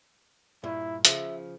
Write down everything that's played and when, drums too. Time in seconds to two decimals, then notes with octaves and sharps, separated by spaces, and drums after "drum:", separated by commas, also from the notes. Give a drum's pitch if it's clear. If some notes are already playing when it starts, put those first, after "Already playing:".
0.64 G2 A#2 E4
1.05 C#3 F3 E5, drum: hi-hat